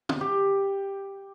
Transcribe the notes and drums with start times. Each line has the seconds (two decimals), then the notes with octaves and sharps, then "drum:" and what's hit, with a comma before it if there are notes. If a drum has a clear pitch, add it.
0.09 drum: tom
0.21 G4